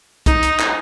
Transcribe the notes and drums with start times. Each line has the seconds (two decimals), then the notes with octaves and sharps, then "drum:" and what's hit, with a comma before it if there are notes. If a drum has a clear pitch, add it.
0.26 D#4, drum: kick C2, hi-hat
0.43 drum: hi-hat
0.60 drum: clap